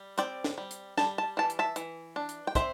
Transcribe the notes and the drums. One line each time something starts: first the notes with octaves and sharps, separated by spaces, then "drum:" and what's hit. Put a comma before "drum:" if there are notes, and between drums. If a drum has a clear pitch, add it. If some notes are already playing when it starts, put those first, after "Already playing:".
Already playing: G3
C4 D5 G5, drum: hi-hat
drum: snare
G3
drum: hi-hat
G3 A5, drum: snare
A5
E3 A5
drum: hi-hat
E5 A5
E3, drum: hi-hat
D4
drum: hi-hat
G5
C4 C5 E5, drum: kick, hi-hat